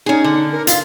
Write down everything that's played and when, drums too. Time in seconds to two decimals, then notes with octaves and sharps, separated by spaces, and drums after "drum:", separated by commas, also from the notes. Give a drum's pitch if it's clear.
0.06 C#4 D#4 G#4
0.24 D3
0.52 A#4
0.67 F4 F5, drum: hi-hat